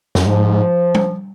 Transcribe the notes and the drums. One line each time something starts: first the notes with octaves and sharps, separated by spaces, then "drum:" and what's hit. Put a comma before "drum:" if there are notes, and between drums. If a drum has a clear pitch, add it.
F#2, drum: snare
G#2 F3
drum: tom G3